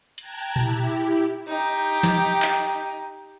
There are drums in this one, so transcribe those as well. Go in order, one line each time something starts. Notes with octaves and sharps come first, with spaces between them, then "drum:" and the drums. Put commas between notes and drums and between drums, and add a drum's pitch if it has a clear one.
G5 A5 A#5 F#6 G#6, drum: hi-hat
E4 G4, drum: tom A#2
D#4 G4
drum: snare
drum: clap